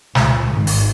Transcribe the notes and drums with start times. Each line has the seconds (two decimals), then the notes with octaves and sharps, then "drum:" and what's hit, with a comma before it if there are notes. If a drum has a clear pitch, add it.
0.15 C#2, drum: snare
0.50 G#1
0.67 drum: open hi-hat